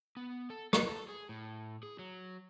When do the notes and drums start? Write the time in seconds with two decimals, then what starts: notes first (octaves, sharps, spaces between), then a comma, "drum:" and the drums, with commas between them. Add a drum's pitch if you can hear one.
0.17 B3
0.50 A4
0.73 B4, drum: rim click
0.88 A4
1.08 G#4
1.29 A2
1.83 G#4
1.99 F#3